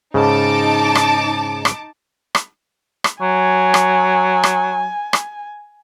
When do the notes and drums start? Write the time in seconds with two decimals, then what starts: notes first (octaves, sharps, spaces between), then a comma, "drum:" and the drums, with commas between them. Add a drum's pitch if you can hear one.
0.14 G#2 C#3 D#4 A5 D6
0.95 drum: rim click
1.65 drum: rim click
2.35 drum: rim click
3.04 drum: rim click
3.22 F#3 G#5
3.74 drum: rim click
4.43 drum: rim click
5.13 drum: rim click